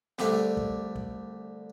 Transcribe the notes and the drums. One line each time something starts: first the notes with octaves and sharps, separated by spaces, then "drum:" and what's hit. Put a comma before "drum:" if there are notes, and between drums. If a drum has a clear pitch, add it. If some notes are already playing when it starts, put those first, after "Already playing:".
C2 D3 G3 A3 E5, drum: snare
drum: kick
drum: kick